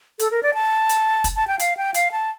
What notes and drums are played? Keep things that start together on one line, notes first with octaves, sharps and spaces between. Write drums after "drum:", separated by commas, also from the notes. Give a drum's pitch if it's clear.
A4, drum: hi-hat
A#4
D5
A5
drum: hi-hat
drum: kick, hi-hat
A5
G5
F5, drum: hi-hat
G5
F5, drum: hi-hat
A5